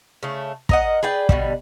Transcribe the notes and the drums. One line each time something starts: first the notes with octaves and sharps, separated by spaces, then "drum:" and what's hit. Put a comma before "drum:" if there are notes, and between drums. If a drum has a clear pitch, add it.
C#3 A3
A#4 D#5 F#5, drum: kick
G#4 B4 D5 G5
B2 D3 G3, drum: kick